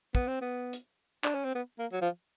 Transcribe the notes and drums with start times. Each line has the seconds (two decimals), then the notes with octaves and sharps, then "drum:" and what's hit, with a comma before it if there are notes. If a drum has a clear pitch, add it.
0.15 B3, drum: kick
0.28 C4
0.41 B3
0.73 drum: hi-hat
1.24 D4, drum: clap
1.35 C#4
1.45 C4
1.55 B3
1.79 A#3
1.93 F#3
2.02 F3